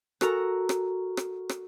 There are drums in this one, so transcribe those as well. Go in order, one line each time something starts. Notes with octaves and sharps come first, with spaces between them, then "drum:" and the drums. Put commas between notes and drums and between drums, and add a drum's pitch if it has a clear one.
F#4 A4 A#4 A#5, drum: rim click
drum: rim click
drum: rim click
drum: rim click